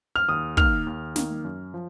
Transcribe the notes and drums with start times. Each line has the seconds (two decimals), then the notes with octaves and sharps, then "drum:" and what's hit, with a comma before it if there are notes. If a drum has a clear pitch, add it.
0.16 F6
0.29 D#2 D#6
0.57 D#3 A#3 F6, drum: kick
0.87 D#2
1.16 D#3 A#3, drum: snare
1.45 F#2
1.74 F3